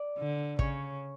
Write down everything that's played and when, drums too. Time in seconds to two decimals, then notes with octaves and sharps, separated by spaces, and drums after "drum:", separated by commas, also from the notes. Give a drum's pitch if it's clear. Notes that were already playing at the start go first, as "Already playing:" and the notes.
Already playing: D5
0.19 D3
0.59 C#3 C#5, drum: kick